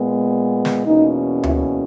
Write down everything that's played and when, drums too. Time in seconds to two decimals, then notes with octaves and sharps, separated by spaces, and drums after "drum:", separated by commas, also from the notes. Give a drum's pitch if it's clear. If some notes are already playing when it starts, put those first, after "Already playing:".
Already playing: A#2 G#3 B3
0.65 drum: snare
0.86 E2 B2 A#3 C#4 D#4
1.44 E4, drum: tom D2